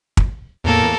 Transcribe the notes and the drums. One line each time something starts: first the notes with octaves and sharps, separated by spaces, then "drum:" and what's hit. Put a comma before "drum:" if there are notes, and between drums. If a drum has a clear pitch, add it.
drum: kick
E2 A2 A#3 A4 A#4